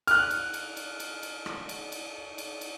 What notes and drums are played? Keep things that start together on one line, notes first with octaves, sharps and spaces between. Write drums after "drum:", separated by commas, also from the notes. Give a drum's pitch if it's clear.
F6 F#6, drum: cymbal
drum: cymbal
drum: cymbal
drum: cymbal
drum: cymbal
drum: cymbal
drum: rim click
drum: cymbal
drum: cymbal
drum: cymbal
drum: cymbal